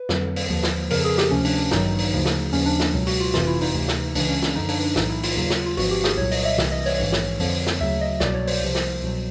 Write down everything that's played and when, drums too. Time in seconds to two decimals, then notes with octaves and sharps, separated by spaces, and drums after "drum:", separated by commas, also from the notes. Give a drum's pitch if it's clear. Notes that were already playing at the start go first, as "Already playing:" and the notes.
Already playing: B4
0.09 F2 D3 F#3, drum: snare
0.36 drum: open hi-hat
0.49 D#2 D3 F3
0.63 drum: snare
0.90 F2 C#3 F3 A#4, drum: open hi-hat
0.99 A4
1.04 G#4
1.18 G4, drum: snare
1.31 D2 C3 F3 C#4
1.45 D4, drum: open hi-hat
1.58 D4
1.71 A1 G2 D#3 F#3 D#4, drum: snare
1.98 drum: open hi-hat
2.13 D2 C#3 F3
2.26 drum: snare
2.52 D#2 C#3 F3 C#4, drum: open hi-hat
2.66 D4
2.80 D4, drum: snare
2.94 C#2 B2 F#3
3.07 F#4, drum: open hi-hat
3.20 F4
3.34 G1 F2 C3 E3 F4, drum: snare
3.47 E4
3.61 D#4, drum: open hi-hat
3.74 D2 C3 E3
3.88 drum: snare
4.15 C#2 C#3 E3 D4, drum: open hi-hat
4.28 C#4
4.42 D4, drum: snare
4.55 F#2 D3 F3 D#4
4.69 D4, drum: open hi-hat
4.83 D4
4.96 B1 A2 E3 D#4, drum: snare
5.09 E4
5.23 F4, drum: open hi-hat
5.37 D#2 C#3 F#3
5.50 drum: snare
5.66 F4
5.77 G#1 G#2 F3 F#4, drum: open hi-hat
5.91 G4
6.04 G#4, drum: snare
6.17 C2 A#2 F#3 C#5
6.31 D#5, drum: open hi-hat
6.45 E5
6.58 C2 C3 E3 E5, drum: snare
6.72 D#5
6.86 C#5, drum: open hi-hat
6.99 A#1 G#2 E3
7.12 drum: snare
7.40 F2 D3 F3, drum: open hi-hat
7.67 drum: snare
7.80 D2 C#3 F#3 E5
8.01 D#5
8.20 C2 B2 F#3 D5, drum: snare
8.34 C#5
8.47 C5, drum: open hi-hat
8.61 C2 C3 F3
8.75 drum: snare
9.02 C2 B2 F#3